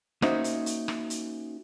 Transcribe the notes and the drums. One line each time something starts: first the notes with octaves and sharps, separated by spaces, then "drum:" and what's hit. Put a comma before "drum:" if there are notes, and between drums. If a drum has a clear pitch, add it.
A#3 C#4 D#4 F#4 C5 E5, drum: rim click
drum: hi-hat
drum: hi-hat
drum: rim click
drum: hi-hat